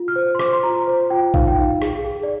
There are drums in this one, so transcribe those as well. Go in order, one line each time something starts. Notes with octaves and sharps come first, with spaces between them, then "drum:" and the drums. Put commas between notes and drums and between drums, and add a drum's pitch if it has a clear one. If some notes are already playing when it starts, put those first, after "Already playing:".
Already playing: F4
F6
C5
C6
C5 D6, drum: rim click
C6
F4 A#5
C5
F4 G5
D#4 F5, drum: kick
G5
D#4 F5
G#4, drum: rim click
G#4
D5